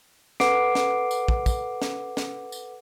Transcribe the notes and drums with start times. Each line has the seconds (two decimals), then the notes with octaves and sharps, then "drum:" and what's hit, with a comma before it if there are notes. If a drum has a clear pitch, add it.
0.40 A4 B4 F#5 D6 C7 D7, drum: snare
0.75 drum: snare
1.11 drum: tambourine
1.28 drum: kick
1.46 drum: kick, tambourine
1.82 drum: snare
2.17 drum: snare
2.52 drum: tambourine